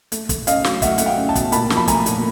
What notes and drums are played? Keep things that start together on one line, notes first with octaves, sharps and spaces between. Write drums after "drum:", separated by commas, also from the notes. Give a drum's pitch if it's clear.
A3, drum: hi-hat
A3, drum: kick, hi-hat
C#4 D#5 F5, drum: hi-hat
F#3, drum: snare
A3 E5 F#5, drum: kick, hi-hat
A3 F#5, drum: hi-hat
F5 G5
C#4
G5 A5
B2, drum: kick, hi-hat
A#2 A5 B5, drum: hi-hat
F3, drum: snare
B5
A3 G#5 A#5, drum: kick, hi-hat
A#2, drum: hi-hat